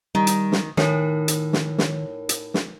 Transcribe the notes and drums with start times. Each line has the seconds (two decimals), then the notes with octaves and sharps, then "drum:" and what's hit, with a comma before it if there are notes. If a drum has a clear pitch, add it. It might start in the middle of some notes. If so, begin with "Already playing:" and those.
0.15 D#3 G3
0.27 drum: hi-hat
0.52 drum: snare
0.77 A2 D#3 D#4 A#4 C#5, drum: snare
1.28 drum: hi-hat
1.53 drum: snare
1.78 drum: snare
2.29 drum: hi-hat
2.54 drum: snare